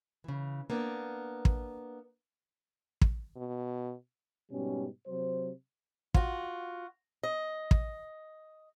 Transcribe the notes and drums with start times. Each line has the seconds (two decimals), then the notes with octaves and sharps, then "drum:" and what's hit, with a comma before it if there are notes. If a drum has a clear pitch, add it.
0.24 C#3 E3
0.70 A#3 B3 D4
1.45 drum: kick
3.01 drum: kick
3.37 B2
4.51 G#2 B2 G3 C#4
5.07 C3 F#3 C5
6.14 F4 F#4, drum: kick
7.23 D#5
7.71 drum: kick